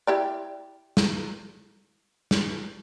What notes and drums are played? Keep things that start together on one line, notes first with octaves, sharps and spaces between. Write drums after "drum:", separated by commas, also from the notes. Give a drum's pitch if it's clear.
E4 G4 D5
drum: snare
drum: snare